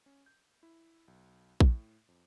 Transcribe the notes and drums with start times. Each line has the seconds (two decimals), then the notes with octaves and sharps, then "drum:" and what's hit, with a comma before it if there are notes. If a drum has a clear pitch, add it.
0.06 C#4
0.26 G6
0.63 E4
1.08 B1
1.60 A2, drum: kick A#1
2.08 F2